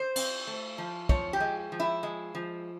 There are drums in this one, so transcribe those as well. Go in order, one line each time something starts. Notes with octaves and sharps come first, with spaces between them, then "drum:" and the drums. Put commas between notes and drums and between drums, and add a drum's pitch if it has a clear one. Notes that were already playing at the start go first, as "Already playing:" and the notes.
Already playing: C5
C4, drum: cymbal
A3
F3
F3 C#5, drum: kick
G4
G#3
F3
E4
G#3
F3